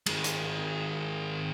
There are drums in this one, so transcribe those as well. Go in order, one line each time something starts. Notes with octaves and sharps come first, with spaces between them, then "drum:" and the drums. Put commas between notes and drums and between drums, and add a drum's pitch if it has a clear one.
D#3 G#3, drum: cymbal
drum: hi-hat